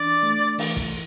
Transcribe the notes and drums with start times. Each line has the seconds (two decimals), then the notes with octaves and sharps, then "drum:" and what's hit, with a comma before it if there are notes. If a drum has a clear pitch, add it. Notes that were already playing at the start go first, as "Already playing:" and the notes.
Already playing: E3 D4 D5
0.23 A3
0.59 E3, drum: open hi-hat
0.77 drum: kick